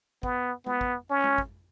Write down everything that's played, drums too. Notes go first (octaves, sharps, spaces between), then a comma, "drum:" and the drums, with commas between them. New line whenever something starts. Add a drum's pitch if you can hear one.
B3, drum: kick
B3, drum: tom G#3
drum: kick
C#4
drum: tom G#3
drum: kick